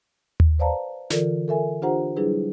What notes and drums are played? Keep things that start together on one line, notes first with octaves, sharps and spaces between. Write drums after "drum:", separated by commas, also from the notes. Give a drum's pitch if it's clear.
drum: tom D#2
B4 C5 D5 F5 A5 A#5
D3 E3 F4 A4 A#4 D5, drum: snare
A4 A#4 E5 G#5
D4 F4 G4 C5 F#5 A#5
F#3 G3 D4 E4 G#4 B4